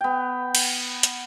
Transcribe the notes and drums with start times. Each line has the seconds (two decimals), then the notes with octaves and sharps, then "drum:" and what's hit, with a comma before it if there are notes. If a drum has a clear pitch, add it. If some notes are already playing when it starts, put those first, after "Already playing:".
0.01 B3 G5
0.55 drum: cymbal
1.03 drum: hi-hat